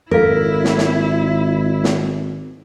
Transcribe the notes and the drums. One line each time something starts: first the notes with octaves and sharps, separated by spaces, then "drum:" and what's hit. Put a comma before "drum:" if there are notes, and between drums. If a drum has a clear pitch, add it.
G#1 E4 A4 A#4 F5
drum: snare
drum: snare
drum: snare